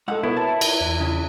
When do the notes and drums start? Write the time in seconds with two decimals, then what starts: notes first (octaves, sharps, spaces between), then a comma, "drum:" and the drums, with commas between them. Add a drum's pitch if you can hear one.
0.08 G#2 A4 D#5 F#5 E6
0.23 B2 E4 A#4 B4 C#5
0.37 A5
0.61 drum: cymbal
0.81 E2
1.00 C#3